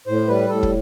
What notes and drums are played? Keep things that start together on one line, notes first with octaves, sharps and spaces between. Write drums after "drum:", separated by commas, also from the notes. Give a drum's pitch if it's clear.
A2 C5
G3 B4
A2 A4
drum: kick